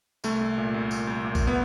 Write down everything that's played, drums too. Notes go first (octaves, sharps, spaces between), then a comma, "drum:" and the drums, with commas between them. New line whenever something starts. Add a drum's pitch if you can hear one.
C2 A3, drum: tambourine
C2
A#2
C2
A#2, drum: tambourine
C2
A#2
drum: kick A1, tambourine
B3